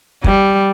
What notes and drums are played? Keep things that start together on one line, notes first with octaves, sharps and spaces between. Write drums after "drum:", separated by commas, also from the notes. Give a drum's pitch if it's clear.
G3, drum: kick